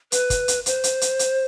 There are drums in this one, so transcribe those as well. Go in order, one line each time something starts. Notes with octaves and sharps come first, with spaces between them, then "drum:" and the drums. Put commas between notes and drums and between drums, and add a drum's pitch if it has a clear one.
B4, drum: hi-hat
drum: kick, hi-hat
drum: hi-hat
C5, drum: hi-hat
drum: hi-hat
drum: hi-hat
drum: hi-hat